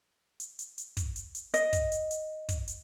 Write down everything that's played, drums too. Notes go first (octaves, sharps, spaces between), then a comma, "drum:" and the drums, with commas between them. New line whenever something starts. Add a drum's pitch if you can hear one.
drum: hi-hat
drum: hi-hat
drum: hi-hat
drum: kick, hi-hat
drum: hi-hat
drum: hi-hat
D#5, drum: hi-hat
drum: kick, hi-hat
drum: hi-hat
drum: hi-hat
drum: kick, hi-hat
drum: hi-hat